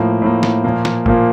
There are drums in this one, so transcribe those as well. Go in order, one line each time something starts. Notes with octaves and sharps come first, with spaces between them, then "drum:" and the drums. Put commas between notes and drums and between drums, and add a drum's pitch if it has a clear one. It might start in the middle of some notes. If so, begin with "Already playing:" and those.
Already playing: A2 F3 A#3
A2 F3 A#3
drum: snare
A#2 F3 A#3
drum: snare
A#2 F3 A#3, drum: kick G#1